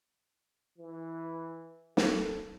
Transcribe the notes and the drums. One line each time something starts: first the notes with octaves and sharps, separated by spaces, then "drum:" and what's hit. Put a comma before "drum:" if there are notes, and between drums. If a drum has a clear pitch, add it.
E3
A4, drum: snare